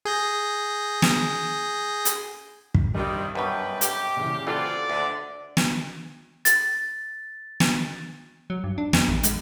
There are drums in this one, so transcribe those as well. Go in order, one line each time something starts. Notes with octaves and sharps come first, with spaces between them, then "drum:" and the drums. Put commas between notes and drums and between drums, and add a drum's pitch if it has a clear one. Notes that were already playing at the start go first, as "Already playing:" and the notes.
G#4 G6 A#6
drum: snare
drum: hi-hat
drum: kick
G2 C3 D#3 G3 G4
F#2 B2 G3 G#4 B4 G5
G4, drum: hi-hat
A#2 C#3 E3
E3 C4 F4 F#4 A4 D5 F#5
D2 D3
drum: snare
A6, drum: hi-hat
drum: snare
F#3
G2
D4
F2, drum: snare
A1
G#3, drum: hi-hat